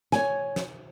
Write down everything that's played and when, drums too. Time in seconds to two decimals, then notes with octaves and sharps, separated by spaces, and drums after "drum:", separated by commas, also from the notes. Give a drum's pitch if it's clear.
0.12 C#5 G#5, drum: snare
0.56 drum: snare